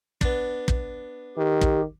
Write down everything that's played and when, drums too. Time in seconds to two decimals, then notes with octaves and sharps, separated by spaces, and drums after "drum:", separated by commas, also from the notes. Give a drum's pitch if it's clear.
0.21 B3 D4, drum: kick
0.68 drum: kick
1.37 D#3 G4
1.61 drum: kick